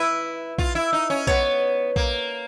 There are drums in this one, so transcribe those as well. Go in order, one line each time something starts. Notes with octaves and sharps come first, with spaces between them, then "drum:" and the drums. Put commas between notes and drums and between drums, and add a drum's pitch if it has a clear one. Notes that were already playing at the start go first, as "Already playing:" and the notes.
Already playing: E4 B4
F4, drum: kick A#1
E4
D#4
C#4
B3 C#5, drum: kick A#1
A#3, drum: kick A#1